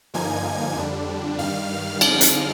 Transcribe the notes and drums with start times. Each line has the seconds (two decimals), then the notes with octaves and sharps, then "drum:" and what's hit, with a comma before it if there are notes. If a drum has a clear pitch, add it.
0.14 G2 D3 F3 A#3 D#4 G#5 G#6
0.76 F2 D3 G3 D4
1.39 G2 D#3 G3 F5 F6
2.01 F2 D3 G3 C4 D#4, drum: cymbal
2.21 drum: hi-hat